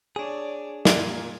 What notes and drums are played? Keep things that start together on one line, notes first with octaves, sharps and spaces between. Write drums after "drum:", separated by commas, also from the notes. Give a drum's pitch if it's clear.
D4 G#4 C#5 D5
A#2 A#3 F4 G#5, drum: snare